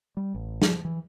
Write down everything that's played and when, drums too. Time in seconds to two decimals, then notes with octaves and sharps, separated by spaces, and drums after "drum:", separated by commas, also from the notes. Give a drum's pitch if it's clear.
0.17 G3
0.35 A1
0.62 F3, drum: snare
0.85 E3